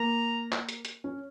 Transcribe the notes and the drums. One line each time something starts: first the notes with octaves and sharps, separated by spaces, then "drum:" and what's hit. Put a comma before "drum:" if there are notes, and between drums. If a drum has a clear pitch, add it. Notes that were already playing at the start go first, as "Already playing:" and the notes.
Already playing: A#3 A#5
drum: clap
drum: hi-hat
drum: hi-hat
C#4